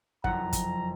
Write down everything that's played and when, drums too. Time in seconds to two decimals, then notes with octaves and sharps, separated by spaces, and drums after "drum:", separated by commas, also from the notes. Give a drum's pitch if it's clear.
0.24 F#1 F2 F#5 A#5, drum: kick
0.53 drum: kick, hi-hat